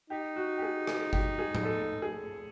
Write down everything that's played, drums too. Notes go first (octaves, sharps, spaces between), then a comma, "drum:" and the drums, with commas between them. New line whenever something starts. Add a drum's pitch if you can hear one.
D#4 G4
F#4
G4
G#4
G#4, drum: rim click
G4, drum: kick G1
G#4
drum: tom A2
A4
G#4